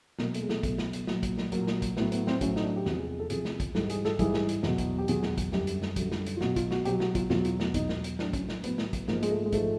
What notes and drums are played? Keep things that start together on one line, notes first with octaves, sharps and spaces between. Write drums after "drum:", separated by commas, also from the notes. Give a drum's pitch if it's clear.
B2 F#3 A#3, drum: snare
A3, drum: hi-hat
G#3
A3, drum: snare
B2 F#3, drum: kick, hi-hat
drum: snare
drum: hi-hat
A#2 F#3, drum: snare
drum: kick, hi-hat
drum: snare
F#3 A#3, drum: hi-hat
A#2
drum: snare
drum: kick, hi-hat
A2 F#3 B3, drum: snare
B3, drum: hi-hat
C4, drum: snare
A2 F#3 C#4, drum: kick, hi-hat
D#4, drum: snare
D4
G4
E2 C3 F3 F#4, drum: snare
G#4
G#4
A4
E2 C3 F3 G#4, drum: hi-hat
drum: snare
drum: kick, hi-hat
G#2 E3 G3 A4, drum: snare
G#4, drum: hi-hat
A4, drum: snare
G#2 E3 G3 G#4, drum: kick, hi-hat
drum: snare
drum: hi-hat
E2 B2 F#3, drum: snare
drum: kick, hi-hat
G4
E2 B2 F#3 G#4, drum: hi-hat
drum: snare
drum: kick, hi-hat
F#2 D3 G3 G4, drum: snare
drum: hi-hat
drum: snare
F#2 D3 G3 F#4, drum: kick, hi-hat
drum: snare
drum: hi-hat
F4
B2 F#3 F#4, drum: snare
F4, drum: kick, hi-hat
F#4, drum: snare
B2 F#3 G4, drum: hi-hat
F#4, drum: snare
F4, drum: kick, hi-hat
E2 B2 F#3 F4, drum: snare
F4, drum: hi-hat
drum: snare
E2 B2 F#3 D#4, drum: kick, hi-hat
drum: snare
drum: hi-hat
A2 F#3 D4, drum: snare
C#4, drum: kick, hi-hat
drum: snare
A2 F#3 B3, drum: hi-hat
drum: snare
drum: kick, hi-hat
G#2 F3 A#3, drum: snare
G#3, drum: hi-hat
A3
G#3
G#2 F3 A3, drum: kick, hi-hat